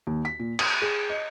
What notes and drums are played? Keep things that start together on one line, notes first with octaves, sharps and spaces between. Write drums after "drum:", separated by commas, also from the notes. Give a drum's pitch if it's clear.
D#2
B6
A#2
D#6, drum: cymbal
G#4
D#5